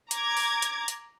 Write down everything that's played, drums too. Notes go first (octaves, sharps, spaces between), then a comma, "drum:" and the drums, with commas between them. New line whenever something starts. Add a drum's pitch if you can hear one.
A#5 D6 G#6, drum: hi-hat
drum: open hi-hat
drum: hi-hat
drum: hi-hat